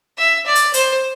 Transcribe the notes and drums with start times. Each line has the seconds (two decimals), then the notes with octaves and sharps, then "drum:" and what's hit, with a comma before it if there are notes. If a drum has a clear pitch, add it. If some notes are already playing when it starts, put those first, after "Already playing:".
0.18 E5
0.46 D5
0.55 drum: hi-hat
0.74 C5, drum: hi-hat